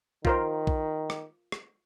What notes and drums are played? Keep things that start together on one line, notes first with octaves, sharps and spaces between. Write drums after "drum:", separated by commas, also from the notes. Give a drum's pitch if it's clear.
D#3 F4 A#4 C5, drum: kick
drum: kick
drum: rim click
drum: rim click